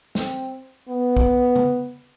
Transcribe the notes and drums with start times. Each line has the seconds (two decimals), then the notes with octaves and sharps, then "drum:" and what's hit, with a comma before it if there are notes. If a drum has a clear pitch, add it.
0.15 C4, drum: snare
0.89 B3
1.17 drum: kick
1.56 drum: tom